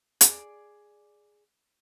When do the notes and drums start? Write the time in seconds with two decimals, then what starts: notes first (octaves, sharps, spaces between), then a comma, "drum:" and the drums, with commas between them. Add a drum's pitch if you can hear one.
0.21 G#4 D5, drum: hi-hat